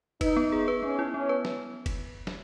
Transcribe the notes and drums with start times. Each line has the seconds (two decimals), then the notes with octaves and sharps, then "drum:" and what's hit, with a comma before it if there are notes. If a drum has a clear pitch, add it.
0.21 D#4 B4, drum: kick F#1, cymbal
0.37 B3
0.52 G#4
0.68 B4
0.83 B3 C#4
0.99 E4
1.14 B3 C#4
1.29 B4
1.45 drum: snare
1.86 drum: kick F#1, cymbal
2.27 drum: snare